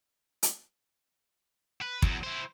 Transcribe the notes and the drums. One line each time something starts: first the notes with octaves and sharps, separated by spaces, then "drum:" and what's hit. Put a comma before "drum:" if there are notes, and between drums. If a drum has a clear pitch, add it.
drum: hi-hat
B4
E2 F#3, drum: kick
E4 C5